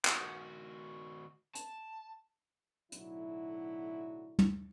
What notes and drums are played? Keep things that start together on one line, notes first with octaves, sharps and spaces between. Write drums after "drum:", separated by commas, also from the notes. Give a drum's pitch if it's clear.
D#3 F#4, drum: clap
A5, drum: hi-hat
B1 A2 D3 F#3 E4, drum: hi-hat
drum: tom